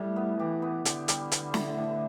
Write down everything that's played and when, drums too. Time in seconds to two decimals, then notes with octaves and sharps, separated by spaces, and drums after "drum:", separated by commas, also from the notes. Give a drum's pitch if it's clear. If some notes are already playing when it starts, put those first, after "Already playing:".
Already playing: A2 G3
0.16 B3
0.39 E3 G4
0.62 B3
0.85 D3 G4, drum: hi-hat
1.08 G3, drum: hi-hat
1.32 B3, drum: hi-hat
1.54 A2, drum: snare
1.77 A2